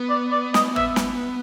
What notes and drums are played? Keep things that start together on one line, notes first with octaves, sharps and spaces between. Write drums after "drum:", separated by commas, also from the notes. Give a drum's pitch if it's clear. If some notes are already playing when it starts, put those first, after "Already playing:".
Already playing: B3
D5
D5
D#5, drum: snare
E5, drum: tom G#1
drum: snare